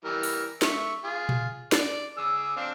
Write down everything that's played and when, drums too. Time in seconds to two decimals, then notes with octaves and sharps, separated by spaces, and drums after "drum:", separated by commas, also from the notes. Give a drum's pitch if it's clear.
0.05 E3 G3 A#4
0.23 drum: open hi-hat
0.62 E5 C#6, drum: snare
1.04 F4 G#4
1.29 drum: tom A#2
1.72 D5, drum: snare
2.18 G#4 D6 E6
2.56 C4 D4 F5